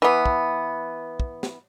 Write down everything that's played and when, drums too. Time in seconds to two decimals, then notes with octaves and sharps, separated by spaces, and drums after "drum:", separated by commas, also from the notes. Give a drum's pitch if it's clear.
0.02 E3 B3
0.26 drum: kick
1.20 drum: kick
1.43 drum: snare